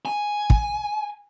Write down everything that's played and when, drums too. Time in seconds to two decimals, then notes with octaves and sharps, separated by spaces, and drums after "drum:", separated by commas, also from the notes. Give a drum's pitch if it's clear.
0.06 G#5
0.50 drum: kick